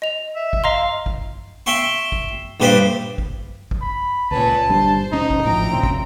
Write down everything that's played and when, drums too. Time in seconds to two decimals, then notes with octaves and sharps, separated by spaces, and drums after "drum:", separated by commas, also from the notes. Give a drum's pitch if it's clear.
0.02 D#5 F7
0.35 E5
0.53 drum: kick
0.64 D#5 F5 A#5 C6
1.06 drum: kick
1.66 E5 G5 C6 C#6
2.12 drum: kick
2.60 A#1 G2 G4 B4 C5 G5
3.18 drum: kick
3.71 drum: kick
3.82 B5
4.31 C#2 A#2 C#4 B4 A5
4.69 G1 G3 D4 C5
5.12 E1 C#4 D#4
5.30 drum: kick
5.43 G#1 D2 A2 F3 G5 A#5
5.72 F1 A#2 C#3 C4
5.83 drum: kick